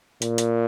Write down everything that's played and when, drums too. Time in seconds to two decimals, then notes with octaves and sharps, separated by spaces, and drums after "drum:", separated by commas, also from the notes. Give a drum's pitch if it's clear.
0.22 A#2, drum: hi-hat
0.38 drum: hi-hat